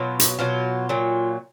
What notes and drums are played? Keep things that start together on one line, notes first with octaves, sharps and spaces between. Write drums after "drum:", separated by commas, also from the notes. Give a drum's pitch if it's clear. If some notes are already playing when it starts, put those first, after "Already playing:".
Already playing: B2 F#3 F4
drum: hi-hat
B2 F#3 F4
A#2 F#3